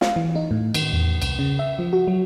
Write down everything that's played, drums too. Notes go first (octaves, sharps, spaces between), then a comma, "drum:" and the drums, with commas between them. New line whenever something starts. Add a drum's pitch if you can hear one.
F5, drum: snare
E3
D#4
A2
D#3, drum: cymbal
E2
C2, drum: cymbal
C#3
E5
F3
F#4
F#3